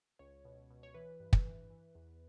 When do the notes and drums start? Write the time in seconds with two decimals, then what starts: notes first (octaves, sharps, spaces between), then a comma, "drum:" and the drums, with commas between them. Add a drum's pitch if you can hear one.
0.19 C#2 C#5
0.45 B2
0.70 B2
0.83 C#5
0.94 E3 B4
1.20 G2
1.33 drum: kick
1.45 E3
1.70 E3
1.95 E2